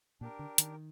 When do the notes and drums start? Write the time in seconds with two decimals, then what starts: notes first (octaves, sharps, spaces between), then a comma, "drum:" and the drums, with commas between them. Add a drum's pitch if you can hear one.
0.21 A#2 D4 G4 A#4
0.39 D3
0.58 D#3, drum: hi-hat